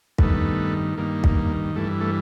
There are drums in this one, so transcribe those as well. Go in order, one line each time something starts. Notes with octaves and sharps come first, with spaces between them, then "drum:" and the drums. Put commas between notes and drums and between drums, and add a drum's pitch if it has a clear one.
G2 D#3 A3 B3, drum: kick
G2 D#3 A#3
drum: kick
G2 E3 A3
A3